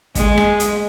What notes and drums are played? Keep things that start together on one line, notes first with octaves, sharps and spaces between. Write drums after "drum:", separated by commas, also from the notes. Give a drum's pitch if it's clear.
G#3, drum: kick, hi-hat
drum: rim click
drum: hi-hat